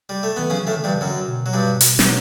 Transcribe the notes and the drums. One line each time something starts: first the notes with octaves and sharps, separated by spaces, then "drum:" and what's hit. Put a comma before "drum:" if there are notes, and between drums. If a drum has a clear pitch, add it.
G3
A3
E3 B3
C#3 F#3 C#4
A2 D3 A3
E3
G2 G3
C#3
F#2 D3 F#3
B2
F#3
G2 G3
drum: hi-hat
E3, drum: snare
F#3